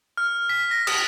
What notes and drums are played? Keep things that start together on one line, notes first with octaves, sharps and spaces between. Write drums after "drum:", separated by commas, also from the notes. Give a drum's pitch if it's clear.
F6
B6
A#6
D#6, drum: cymbal